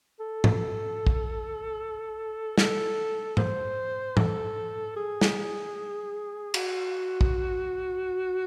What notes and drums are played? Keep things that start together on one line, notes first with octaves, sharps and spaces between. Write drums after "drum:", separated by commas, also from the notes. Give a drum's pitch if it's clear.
A4
drum: tom
drum: kick
A4, drum: snare
C5, drum: tom G#2
A4, drum: tom G#2
G#4
drum: snare
F#4, drum: cymbal
drum: kick